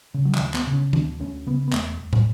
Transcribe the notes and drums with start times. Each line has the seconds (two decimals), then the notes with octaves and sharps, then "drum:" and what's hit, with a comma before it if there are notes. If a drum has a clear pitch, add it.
0.14 C#3
0.25 F#3
0.35 E3, drum: clap
0.41 D2
0.54 B3, drum: clap
0.67 C#3
0.73 C#4
0.93 D2 D4, drum: tom D#3
1.20 D2 C#4
1.47 C#3 B3
1.68 B3
1.73 E1 A3, drum: clap
1.99 E1
2.13 drum: tom